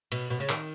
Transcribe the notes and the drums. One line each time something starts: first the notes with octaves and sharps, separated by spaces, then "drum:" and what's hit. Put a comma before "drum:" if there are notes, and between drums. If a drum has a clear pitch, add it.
B2, drum: cymbal
B2
C#3
D#3, drum: clap